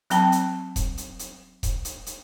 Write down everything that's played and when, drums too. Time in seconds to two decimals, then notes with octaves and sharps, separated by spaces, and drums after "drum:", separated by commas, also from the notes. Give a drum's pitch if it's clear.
0.10 F#3 C4 G5 A5, drum: hi-hat
0.32 drum: hi-hat
0.76 drum: kick D#1, hi-hat
0.98 drum: hi-hat
1.19 drum: hi-hat
1.63 drum: kick D#1, hi-hat
1.85 drum: hi-hat
2.06 drum: hi-hat